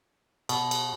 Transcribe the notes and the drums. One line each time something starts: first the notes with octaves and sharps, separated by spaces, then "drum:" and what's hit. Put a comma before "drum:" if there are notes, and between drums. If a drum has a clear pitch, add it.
B2, drum: cymbal
drum: cymbal